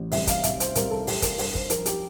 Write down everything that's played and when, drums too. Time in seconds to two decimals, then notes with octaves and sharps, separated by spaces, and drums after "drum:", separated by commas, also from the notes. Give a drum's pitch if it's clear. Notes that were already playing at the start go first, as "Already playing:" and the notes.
Already playing: A1
0.12 C2 E5, drum: open hi-hat
0.27 F5, drum: kick, hi-hat
0.43 C2 E5, drum: hi-hat
0.60 C5, drum: hi-hat
0.75 C2 A#4, drum: hi-hat
0.91 A4
1.07 C2 G4, drum: open hi-hat
1.22 A#4, drum: kick, hi-hat
1.38 G2 A#4, drum: open hi-hat
1.55 C5, drum: kick
1.70 F3 A#4, drum: hi-hat
1.86 G4, drum: hi-hat